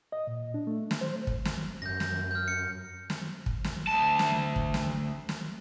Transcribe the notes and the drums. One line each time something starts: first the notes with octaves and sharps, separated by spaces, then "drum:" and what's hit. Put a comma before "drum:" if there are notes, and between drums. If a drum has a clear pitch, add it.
D#5
A#2
D4
A3
drum: snare
C5
drum: kick
drum: snare
F#2 G6 A#6
drum: snare
F6 G6
C#7
drum: snare
drum: kick
drum: snare
D2 A5
drum: snare
drum: kick
drum: snare
drum: snare